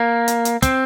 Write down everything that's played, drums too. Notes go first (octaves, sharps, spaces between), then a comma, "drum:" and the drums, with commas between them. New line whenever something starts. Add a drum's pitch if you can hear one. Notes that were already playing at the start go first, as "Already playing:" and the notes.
Already playing: A#3
drum: hi-hat
drum: hi-hat
C4, drum: kick, hi-hat